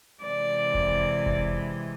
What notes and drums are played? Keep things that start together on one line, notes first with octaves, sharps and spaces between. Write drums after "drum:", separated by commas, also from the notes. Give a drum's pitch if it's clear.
C3 E3 G#3 D5
drum: kick F1
drum: kick F1